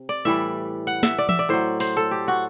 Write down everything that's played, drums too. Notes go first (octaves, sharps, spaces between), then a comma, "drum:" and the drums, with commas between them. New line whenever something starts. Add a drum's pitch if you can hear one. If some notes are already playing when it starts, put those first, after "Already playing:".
Already playing: C3
D5
A2 E3 G3 E5
F#5
E5, drum: snare
D5
E5, drum: tom E3
D5
A2 F#3 C5
C5, drum: open hi-hat
A4
G4
F#4